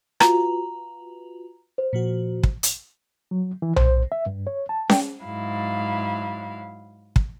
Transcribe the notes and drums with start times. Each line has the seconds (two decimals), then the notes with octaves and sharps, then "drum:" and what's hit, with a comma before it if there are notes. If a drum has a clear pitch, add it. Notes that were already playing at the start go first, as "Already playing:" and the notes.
0.20 F4 F#4 B4 A#5, drum: rim click
1.78 C5
1.93 A#2 F3 F#4
2.43 drum: kick
2.63 drum: hi-hat
3.31 F#3
3.62 E3
3.76 C5, drum: tom B1
4.12 E5
4.26 G2
4.47 C#5
4.69 A5
4.90 G5, drum: snare C#4
5.25 G#2 F#3 E4 F5
7.16 drum: kick